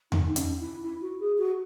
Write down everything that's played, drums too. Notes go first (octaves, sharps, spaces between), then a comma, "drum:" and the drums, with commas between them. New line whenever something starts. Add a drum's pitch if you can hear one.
D#4, drum: tom E2
C#4, drum: hi-hat
E4
E4
F#4
G#4
F#4